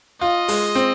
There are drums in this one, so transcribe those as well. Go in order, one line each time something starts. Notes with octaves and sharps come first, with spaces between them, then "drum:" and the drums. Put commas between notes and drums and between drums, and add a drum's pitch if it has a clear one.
F4 D#5
G#3, drum: open hi-hat
C4